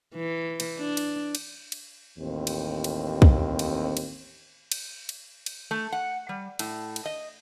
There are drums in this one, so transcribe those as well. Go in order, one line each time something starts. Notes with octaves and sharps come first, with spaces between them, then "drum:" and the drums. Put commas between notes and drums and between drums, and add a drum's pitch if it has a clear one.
E3
drum: cymbal
D4
drum: cymbal
drum: cymbal
drum: cymbal
A1 D#2 C4
drum: cymbal
drum: cymbal
drum: kick
drum: cymbal
drum: cymbal
drum: cymbal
drum: cymbal
drum: cymbal
A3
F#5
G3
A2, drum: cymbal
drum: cymbal
D#5